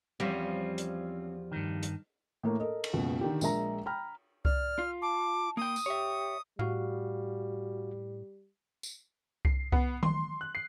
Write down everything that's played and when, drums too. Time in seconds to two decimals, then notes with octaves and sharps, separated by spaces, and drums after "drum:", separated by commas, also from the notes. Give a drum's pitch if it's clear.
0.20 E2 F3 G3 C4 C#4
0.78 drum: hi-hat
1.52 G2 D#3
1.83 drum: hi-hat
2.43 A2 A3 A#3
2.60 A4 A#4 D#5
2.84 drum: cymbal
2.93 F#1 C#2 B2
3.21 D3 D#3 D4 G4
3.41 A#1 G#3 A#4 E5 A#5, drum: tambourine
3.86 G5 A#5 B5 F6
4.45 D5 F6, drum: kick C2
4.79 F4
5.02 A5 D6
5.57 A#3 G5 D#6
5.76 drum: tambourine
5.86 G4 C#5 E5
6.59 A2 G3 F#4 F5
8.83 drum: tambourine
9.45 C7, drum: kick C2
9.72 B3, drum: kick C2
10.03 C6, drum: tom D#3
10.41 F#6
10.55 C7